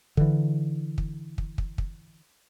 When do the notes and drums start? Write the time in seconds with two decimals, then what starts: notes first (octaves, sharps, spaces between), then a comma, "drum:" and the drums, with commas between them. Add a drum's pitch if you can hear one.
0.17 D3 E3, drum: kick
0.98 drum: kick
1.38 drum: kick
1.58 drum: kick
1.78 drum: kick